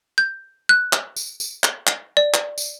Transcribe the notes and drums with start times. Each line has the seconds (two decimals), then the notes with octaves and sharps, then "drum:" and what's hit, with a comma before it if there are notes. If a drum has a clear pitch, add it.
0.18 G6
0.69 F#6
0.93 drum: clap
1.16 drum: tambourine
1.40 drum: tambourine
1.64 drum: clap
1.87 drum: clap
2.17 D5
2.34 drum: clap
2.58 drum: tambourine